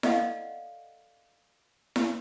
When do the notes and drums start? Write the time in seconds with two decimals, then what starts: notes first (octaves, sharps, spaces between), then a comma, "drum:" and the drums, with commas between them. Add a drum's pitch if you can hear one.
0.03 A4 D5 D#5 F5 F#5, drum: snare E4
1.96 drum: snare E4